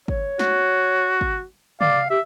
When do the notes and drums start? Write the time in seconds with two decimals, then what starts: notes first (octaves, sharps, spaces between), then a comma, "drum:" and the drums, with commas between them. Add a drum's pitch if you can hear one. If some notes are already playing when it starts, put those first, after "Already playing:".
0.08 C#5, drum: kick
0.39 F#4, drum: snare
1.21 drum: kick
1.81 D5 F5, drum: tom
2.10 G4 E5